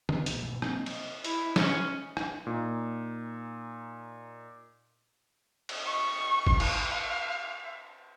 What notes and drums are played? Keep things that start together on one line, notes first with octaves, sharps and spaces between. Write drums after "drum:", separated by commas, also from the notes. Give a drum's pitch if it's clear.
D2 C3 F#3, drum: tom D3
B1 A#2, drum: hi-hat
G2 B2 E3 A3
C3 F#3 A#3 C4, drum: rim click
drum: cymbal
E4, drum: hi-hat
C#4, drum: snare
drum: rim click
A#2 D#4
drum: cymbal
C#6
drum: kick
F5, drum: cymbal